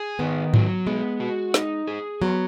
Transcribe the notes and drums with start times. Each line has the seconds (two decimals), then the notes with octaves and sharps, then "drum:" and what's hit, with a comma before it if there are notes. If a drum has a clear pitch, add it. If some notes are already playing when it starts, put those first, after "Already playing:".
Already playing: G#4
0.19 D#3 B3
0.54 F#3, drum: tom G#2
0.87 G#3 B3
1.20 F#4
1.54 D#4, drum: snare
1.87 G#4
2.22 F#3 B3